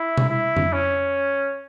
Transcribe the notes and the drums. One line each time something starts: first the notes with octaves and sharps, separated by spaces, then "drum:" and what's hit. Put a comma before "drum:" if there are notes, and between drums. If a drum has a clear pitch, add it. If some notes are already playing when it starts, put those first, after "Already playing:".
Already playing: E4
drum: tom B2
E4
drum: tom
C#4